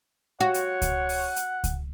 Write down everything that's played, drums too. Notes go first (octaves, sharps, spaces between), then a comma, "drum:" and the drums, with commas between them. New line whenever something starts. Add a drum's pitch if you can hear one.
F#4 C#5 F#5
drum: hi-hat
drum: kick C#2, hi-hat
drum: open hi-hat
drum: hi-hat
drum: kick C#2, hi-hat